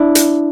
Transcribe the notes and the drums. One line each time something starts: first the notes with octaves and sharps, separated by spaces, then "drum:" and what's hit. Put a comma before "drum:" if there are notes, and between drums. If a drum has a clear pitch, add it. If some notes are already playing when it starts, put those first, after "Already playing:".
Already playing: D4 E4
drum: hi-hat